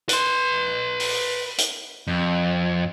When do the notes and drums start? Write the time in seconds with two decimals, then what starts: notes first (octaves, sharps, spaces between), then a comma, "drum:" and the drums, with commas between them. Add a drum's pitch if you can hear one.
0.09 B4 C6, drum: hi-hat
1.00 drum: open hi-hat
1.58 drum: hi-hat
2.07 F2